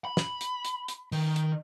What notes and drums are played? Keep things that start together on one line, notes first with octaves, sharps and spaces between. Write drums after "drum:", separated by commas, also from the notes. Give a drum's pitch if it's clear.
B5
drum: snare
drum: hi-hat
drum: hi-hat
drum: hi-hat
D#3, drum: open hi-hat
drum: hi-hat